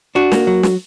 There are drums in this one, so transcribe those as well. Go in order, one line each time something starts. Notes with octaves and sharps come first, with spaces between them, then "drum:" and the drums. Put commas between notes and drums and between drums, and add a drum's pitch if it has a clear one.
D4 F#4
A#3, drum: snare
F#3
drum: snare